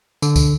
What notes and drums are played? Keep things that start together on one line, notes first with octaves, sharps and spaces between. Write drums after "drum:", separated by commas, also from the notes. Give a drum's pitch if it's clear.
D3, drum: tambourine
drum: kick, tambourine